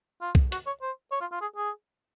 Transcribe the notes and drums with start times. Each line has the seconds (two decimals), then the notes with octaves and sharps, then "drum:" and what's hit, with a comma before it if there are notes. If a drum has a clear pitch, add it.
0.21 F4
0.35 drum: kick B1
0.52 F#4, drum: hi-hat
0.67 C#5
0.82 C5
1.12 C#5
1.21 F4
1.32 F4
1.41 G#4
1.56 G#4